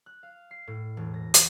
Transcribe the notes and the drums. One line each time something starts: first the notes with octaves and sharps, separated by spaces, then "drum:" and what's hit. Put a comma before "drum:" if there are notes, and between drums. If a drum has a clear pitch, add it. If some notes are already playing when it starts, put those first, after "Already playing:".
F#6
F5
C7
A2
E1
A#6
B4, drum: hi-hat